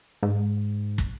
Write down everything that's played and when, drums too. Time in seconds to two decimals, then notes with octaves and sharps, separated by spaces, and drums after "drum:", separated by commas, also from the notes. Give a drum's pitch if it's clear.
0.23 G#2
0.98 drum: kick